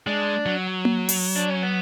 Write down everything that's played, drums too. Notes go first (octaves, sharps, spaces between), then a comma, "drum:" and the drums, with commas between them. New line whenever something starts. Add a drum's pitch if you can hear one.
G#3 D4
F#3
drum: tom A#3
drum: open hi-hat
D4
C#4
B3